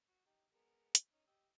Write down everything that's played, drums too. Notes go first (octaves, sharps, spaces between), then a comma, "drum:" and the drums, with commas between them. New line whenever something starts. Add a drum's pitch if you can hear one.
F#4
D#4 G4
G#3 B3 A#4
drum: hi-hat
C#4 D#4
G4 D#5 E6